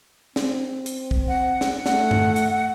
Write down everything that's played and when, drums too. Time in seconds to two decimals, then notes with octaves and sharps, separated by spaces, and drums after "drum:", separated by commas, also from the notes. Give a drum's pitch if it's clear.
0.36 C4, drum: snare
0.86 drum: hi-hat
1.11 drum: kick
1.28 F#5
1.61 drum: snare
1.86 A3 F#5, drum: snare
2.11 drum: tom G2
2.36 drum: hi-hat